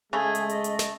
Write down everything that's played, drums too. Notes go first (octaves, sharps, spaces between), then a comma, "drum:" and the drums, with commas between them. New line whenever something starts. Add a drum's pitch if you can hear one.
C#3 G#3 A3 G#4
drum: hi-hat
D#5, drum: hi-hat
drum: hi-hat
drum: snare